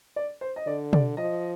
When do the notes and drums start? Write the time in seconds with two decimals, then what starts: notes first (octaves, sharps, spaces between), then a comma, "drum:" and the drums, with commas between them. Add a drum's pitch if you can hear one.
0.16 D5
0.41 C5
0.56 D#5
0.66 D3 D5
0.93 D5, drum: tom
1.17 F3 D#5